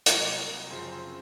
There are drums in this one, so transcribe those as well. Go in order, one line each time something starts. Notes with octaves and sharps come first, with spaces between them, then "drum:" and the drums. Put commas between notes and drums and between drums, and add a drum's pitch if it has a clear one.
C2 C3 F#3 A#3 C#5, drum: hi-hat
F#2 C#3 F3 C4 C5
C5